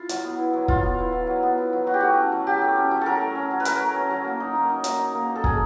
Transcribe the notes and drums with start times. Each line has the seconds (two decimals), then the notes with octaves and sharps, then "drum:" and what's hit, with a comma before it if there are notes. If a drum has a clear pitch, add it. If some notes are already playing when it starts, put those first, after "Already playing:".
Already playing: E4 F4
0.09 F#3, drum: hi-hat
0.24 B3
0.39 E4
0.53 F#3
0.68 F#3 F4, drum: kick
0.83 B3
0.99 E4
1.12 F#3
1.27 F#3
1.43 B3
1.58 E4
1.73 F#3
1.87 F#3 F#4
1.94 G4
2.01 A3 F#4
2.16 C#4
2.32 F#3
2.47 F#3 G4
2.62 A3
2.76 C#4
2.91 F#3
3.01 F#3 A4 A#4
3.21 A3
3.35 C#4
3.51 F#3
3.60 B4
3.65 F#3 A#4, drum: hi-hat
3.81 A3
3.96 C#4
4.11 F#3
4.25 A#3
4.40 D#4
4.55 A#3
4.69 D#4
4.84 A#3, drum: hi-hat
4.99 D#4
5.15 A#3
5.29 D#4
5.36 A4
5.44 A#3 G#4, drum: kick